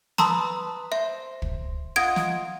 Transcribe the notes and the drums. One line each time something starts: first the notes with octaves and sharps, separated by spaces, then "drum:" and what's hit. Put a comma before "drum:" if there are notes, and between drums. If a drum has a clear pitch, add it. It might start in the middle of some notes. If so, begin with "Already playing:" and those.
B4 A5 A#5 C6 D#6 E6, drum: snare
C5 E5
drum: kick
F4 D#5 F#5 G#6 D7
drum: snare